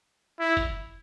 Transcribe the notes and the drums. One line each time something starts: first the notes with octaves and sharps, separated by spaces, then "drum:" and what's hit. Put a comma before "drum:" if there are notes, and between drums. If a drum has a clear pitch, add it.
E4
drum: kick, hi-hat